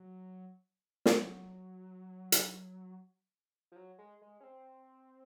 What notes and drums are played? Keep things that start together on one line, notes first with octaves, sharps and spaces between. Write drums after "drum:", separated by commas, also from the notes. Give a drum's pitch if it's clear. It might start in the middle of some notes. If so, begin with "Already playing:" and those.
Already playing: F#3
F#3, drum: snare
drum: hi-hat
F3
F#3
G#3
G#3
C#4
C4